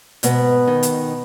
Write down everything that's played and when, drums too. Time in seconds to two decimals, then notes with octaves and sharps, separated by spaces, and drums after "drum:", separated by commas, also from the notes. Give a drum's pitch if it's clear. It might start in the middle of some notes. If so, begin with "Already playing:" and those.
0.23 G#2 B2 B3, drum: hi-hat
0.67 D#3
0.83 drum: hi-hat